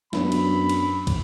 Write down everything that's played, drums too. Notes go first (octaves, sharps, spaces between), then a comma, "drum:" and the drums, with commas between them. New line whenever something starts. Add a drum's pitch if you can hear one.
F#2 B3 C#4 D4 B5, drum: snare
drum: cymbal
drum: cymbal
drum: kick, cymbal